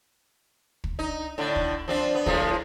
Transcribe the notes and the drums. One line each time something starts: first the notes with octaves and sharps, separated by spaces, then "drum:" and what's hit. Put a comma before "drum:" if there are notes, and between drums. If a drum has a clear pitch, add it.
drum: kick
D#4
A2 D3
drum: kick
F3 C4 D4
B3
A2 F3 G#3, drum: kick